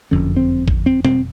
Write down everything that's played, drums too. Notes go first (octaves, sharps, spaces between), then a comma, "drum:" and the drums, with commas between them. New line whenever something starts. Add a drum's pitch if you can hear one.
F#1 F2 D3 C#4
C4
drum: kick
C4
C4, drum: tom B2